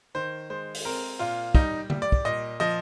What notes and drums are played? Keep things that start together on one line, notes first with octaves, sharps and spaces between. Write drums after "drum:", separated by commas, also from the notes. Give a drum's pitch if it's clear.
D#3 C5
G#3 C5
drum: open hi-hat
C4 A#4
A#2 F4
G3 D#4, drum: kick
G3, drum: tom D3
D5
drum: kick
A#2 D#5
F3 D#5